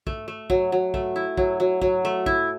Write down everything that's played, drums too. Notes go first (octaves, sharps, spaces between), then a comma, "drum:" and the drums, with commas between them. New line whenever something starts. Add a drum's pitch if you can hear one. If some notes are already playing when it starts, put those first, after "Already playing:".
A3, drum: kick
A3
F#3, drum: kick
F#3
A3, drum: kick
E4
F#3, drum: kick
F#3
F#3, drum: kick
A3
E4, drum: kick